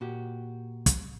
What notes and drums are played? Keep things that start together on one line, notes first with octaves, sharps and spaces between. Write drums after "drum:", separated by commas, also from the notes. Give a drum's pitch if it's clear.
A#2 F#4 G4
drum: kick, hi-hat